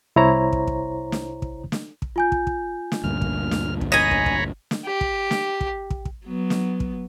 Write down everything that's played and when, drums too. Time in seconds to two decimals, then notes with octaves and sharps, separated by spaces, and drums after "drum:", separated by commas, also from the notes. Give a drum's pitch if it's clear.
0.16 C2 E4 C5 C#5 A#5
0.53 drum: kick
0.67 drum: kick
1.12 drum: snare
1.42 drum: kick
1.72 drum: snare
2.02 drum: kick
2.16 F4 G#5 G6
2.32 drum: kick
2.47 drum: kick
2.92 drum: snare
3.04 D2 G2 A#2 F6
3.21 drum: kick
3.51 drum: snare
3.81 drum: kick
3.92 C#5 D#5 G#5 A#5 B5
4.11 drum: kick
4.26 drum: kick
4.71 drum: snare
4.86 G4
5.01 drum: kick
5.31 drum: snare
5.61 drum: kick
5.90 drum: kick
6.05 drum: kick
6.25 F#3 B3
6.50 drum: snare
6.80 drum: kick